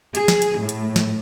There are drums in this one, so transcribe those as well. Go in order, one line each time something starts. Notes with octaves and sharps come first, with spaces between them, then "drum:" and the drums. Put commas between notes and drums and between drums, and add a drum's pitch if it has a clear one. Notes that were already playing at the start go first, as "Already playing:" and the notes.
G#4, drum: hi-hat
drum: snare
drum: hi-hat
A2
drum: hi-hat
drum: snare